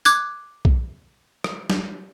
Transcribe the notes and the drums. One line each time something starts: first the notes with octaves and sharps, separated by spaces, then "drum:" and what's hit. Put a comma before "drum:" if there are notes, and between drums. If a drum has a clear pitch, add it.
D6 F#6 G#6, drum: tambourine
drum: kick B1
drum: rim click
drum: snare